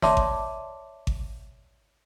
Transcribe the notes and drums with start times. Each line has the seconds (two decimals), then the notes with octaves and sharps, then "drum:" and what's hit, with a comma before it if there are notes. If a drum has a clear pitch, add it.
0.02 C#5 D5 E5 A5 C6 D6, drum: snare
0.17 drum: kick G#1
1.07 drum: kick G#1